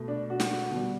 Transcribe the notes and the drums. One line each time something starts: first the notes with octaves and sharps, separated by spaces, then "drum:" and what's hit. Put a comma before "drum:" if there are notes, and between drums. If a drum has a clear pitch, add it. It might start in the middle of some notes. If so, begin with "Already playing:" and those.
Already playing: B2 A3
D4
F#4
drum: snare
F#4
B2 G3